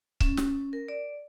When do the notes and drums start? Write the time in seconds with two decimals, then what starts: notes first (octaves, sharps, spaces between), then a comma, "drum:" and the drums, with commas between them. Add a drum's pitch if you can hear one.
0.20 C#4, drum: kick C#1
0.37 drum: snare
0.73 A#4
0.88 D5